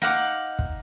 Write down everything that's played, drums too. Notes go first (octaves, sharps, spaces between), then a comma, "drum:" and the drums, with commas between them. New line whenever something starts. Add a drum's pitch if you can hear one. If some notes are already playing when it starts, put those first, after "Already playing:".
D#4 F5 F#5 D6, drum: snare
drum: kick